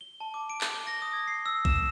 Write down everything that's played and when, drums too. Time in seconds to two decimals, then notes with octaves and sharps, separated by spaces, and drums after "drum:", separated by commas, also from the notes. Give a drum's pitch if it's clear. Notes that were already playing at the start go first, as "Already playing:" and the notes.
0.01 G7
0.20 A5
0.34 D6
0.50 D7
0.61 drum: clap
0.75 G7
0.87 A#6
1.02 D#6
1.13 G#6
1.28 C7
1.46 E6
1.65 E7, drum: kick A#1